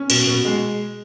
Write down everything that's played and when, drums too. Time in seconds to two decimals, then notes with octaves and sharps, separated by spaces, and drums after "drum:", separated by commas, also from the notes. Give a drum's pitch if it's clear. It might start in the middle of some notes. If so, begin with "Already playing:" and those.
Already playing: C#4
0.10 B2, drum: cymbal
0.27 B2
0.45 G#3